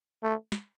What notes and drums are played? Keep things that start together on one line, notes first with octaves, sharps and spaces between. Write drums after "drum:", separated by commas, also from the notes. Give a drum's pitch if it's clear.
A3
drum: snare